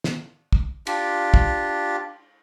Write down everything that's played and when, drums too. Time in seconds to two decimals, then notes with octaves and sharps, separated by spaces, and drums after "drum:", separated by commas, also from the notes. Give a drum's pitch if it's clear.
0.04 drum: snare
0.53 drum: kick
0.87 D4 F4 G4, drum: cymbal
1.34 drum: kick